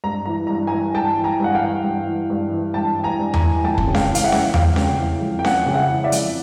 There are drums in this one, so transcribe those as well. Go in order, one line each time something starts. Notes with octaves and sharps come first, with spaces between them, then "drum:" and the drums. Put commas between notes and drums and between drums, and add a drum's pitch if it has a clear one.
G2 A#5
E3 A#5
G2 A#5
E3 G#5 A#5
G2 G5 A5
E3
G#5 A#5
G2 F#5
F5 G5
E3
G2
E3
G2
E3
G2 G5 A5
E3
G#5 A#5
G2
G#5 A#5, drum: tom E2
E3
F2 G5 A5
drum: kick
C#3
F5 G5, drum: snare C#4
E3
F5, drum: hi-hat
E5 F#5
F2, drum: snare C#4
F2 F5 G5, drum: tom E2
C#3, drum: snare C#4
E3
F2
G5
F2 F#5 G#5, drum: snare C#4
C#3
E5 F#5
E3
D5 E5
F2, drum: hi-hat